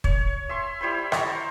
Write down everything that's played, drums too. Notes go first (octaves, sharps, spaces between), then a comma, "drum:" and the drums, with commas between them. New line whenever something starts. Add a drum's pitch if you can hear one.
C#5, drum: kick
E5 C6
G3 E4 C5 B5
A5 A#5 C#6, drum: rim click
C5